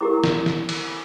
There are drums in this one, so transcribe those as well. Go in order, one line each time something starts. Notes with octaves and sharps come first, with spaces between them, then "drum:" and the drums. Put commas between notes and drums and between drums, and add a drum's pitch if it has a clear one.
E4 G4 A#4 D6
drum: snare
drum: snare
drum: cymbal